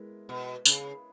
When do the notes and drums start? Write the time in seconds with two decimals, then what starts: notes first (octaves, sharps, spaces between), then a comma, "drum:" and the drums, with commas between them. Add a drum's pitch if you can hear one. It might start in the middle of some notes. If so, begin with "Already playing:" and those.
Already playing: G#3 B3 E4 A#4
0.29 B2
0.65 C#3, drum: tambourine